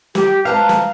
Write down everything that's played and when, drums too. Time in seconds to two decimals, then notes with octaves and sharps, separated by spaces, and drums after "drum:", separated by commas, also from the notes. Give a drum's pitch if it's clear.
0.15 G4, drum: snare
0.45 G#2 B4 F5 A5 A#5
0.69 drum: snare